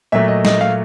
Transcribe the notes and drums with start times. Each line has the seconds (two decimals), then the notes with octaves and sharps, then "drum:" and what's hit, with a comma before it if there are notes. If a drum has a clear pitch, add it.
0.12 A#2 F#3 A3 E5
0.28 D#5
0.45 D#5, drum: snare
0.61 F5